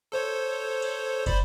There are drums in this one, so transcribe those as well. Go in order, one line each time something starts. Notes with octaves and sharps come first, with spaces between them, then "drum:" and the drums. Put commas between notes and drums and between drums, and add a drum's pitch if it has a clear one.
A4 C5 C#5
drum: cymbal
C5 D5 B5, drum: kick, cymbal